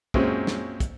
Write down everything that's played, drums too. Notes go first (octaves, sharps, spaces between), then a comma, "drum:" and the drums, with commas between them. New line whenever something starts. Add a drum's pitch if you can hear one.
F#2 A#2 G#3 C4 C#4, drum: kick
drum: snare
drum: kick, hi-hat